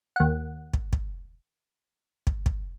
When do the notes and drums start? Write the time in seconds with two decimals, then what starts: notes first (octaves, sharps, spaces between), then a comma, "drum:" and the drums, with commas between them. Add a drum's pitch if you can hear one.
0.16 D#2 F#5
0.74 drum: kick
0.93 drum: kick
2.27 drum: kick
2.46 drum: kick